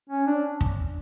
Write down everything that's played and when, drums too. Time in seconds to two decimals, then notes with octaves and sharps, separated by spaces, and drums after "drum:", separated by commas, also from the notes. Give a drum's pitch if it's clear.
0.10 C#4
0.27 D4
0.61 drum: kick